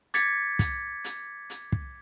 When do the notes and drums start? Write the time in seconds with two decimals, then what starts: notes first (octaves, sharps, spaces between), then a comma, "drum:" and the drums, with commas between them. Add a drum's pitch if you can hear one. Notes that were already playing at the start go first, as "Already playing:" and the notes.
0.14 D6 G#6 A6 B6 C#7, drum: hi-hat
0.59 drum: kick, hi-hat
1.04 drum: hi-hat
1.50 drum: hi-hat
1.72 drum: kick